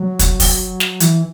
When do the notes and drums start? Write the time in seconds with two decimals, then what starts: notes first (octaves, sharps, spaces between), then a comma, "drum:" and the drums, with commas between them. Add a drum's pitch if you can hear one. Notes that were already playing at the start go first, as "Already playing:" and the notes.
Already playing: F#3
0.19 drum: kick, hi-hat
0.40 drum: kick, open hi-hat
0.80 drum: snare
1.00 E3, drum: hi-hat